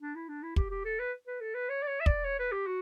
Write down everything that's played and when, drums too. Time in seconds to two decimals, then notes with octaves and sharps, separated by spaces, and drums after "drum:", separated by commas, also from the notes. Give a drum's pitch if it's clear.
0.01 D4
0.15 E4
0.28 D4
0.43 E4
0.56 G4, drum: kick
0.71 G4
0.85 A4
0.99 B4
1.27 B4
1.41 A4
1.54 B4
1.69 C#5
1.82 D5
1.87 C#5
2.00 E5
2.06 D5, drum: kick
2.24 C#5
2.39 B4
2.52 G4
2.66 F#4